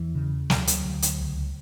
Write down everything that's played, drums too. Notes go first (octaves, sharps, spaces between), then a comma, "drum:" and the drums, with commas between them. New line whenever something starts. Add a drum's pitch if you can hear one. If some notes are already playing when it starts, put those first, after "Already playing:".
Already playing: E2 E3
C#3
D2 F#3, drum: snare
drum: hi-hat
D2
drum: hi-hat
C#2